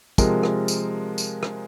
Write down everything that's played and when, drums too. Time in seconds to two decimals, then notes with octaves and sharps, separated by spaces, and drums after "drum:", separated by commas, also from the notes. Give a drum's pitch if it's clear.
0.18 C3 F3 G#3 A#4, drum: kick, tambourine
0.43 drum: rim click
0.68 drum: tambourine
1.18 drum: tambourine
1.43 drum: rim click